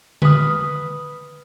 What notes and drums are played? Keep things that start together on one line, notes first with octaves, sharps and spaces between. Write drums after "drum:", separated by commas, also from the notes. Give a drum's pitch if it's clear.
B4 B5 D#6 F6, drum: tom D3